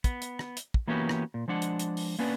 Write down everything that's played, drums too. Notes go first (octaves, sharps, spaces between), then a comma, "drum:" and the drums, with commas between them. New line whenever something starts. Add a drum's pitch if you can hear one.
B3, drum: kick, hi-hat
drum: hi-hat
drum: rim click
drum: hi-hat
drum: kick
E3 A#3 B3 C#4 F#4 G4
drum: rim click
A#2
F3 G#3 D4 F#5
drum: hi-hat
drum: hi-hat
drum: open hi-hat
A#3 B3 C#4 D4 B4 D5